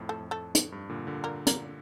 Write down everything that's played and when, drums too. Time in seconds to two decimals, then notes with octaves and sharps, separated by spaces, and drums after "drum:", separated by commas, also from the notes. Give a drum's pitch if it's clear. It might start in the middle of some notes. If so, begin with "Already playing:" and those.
Already playing: F2 A2
0.09 A3 A4
0.20 F2
0.31 A3 A4
0.55 drum: hi-hat
0.72 G2
0.89 A#2 D3
1.07 A#2 D3
1.24 A#3 A#4
1.47 A#3 A#4, drum: hi-hat